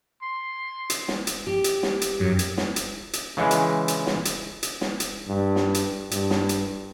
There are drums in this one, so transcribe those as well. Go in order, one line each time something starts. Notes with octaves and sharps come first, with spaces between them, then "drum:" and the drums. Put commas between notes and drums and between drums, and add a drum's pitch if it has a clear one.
C6
drum: hi-hat
drum: snare
drum: hi-hat
G4
drum: hi-hat
drum: snare
drum: hi-hat
F#2
drum: hi-hat
drum: snare
drum: hi-hat
drum: hi-hat
C#3 E3 G#3
drum: hi-hat
drum: hi-hat
drum: snare
drum: hi-hat
drum: hi-hat
drum: snare
drum: hi-hat
G2
drum: snare
drum: hi-hat
G2, drum: hi-hat
drum: snare
drum: hi-hat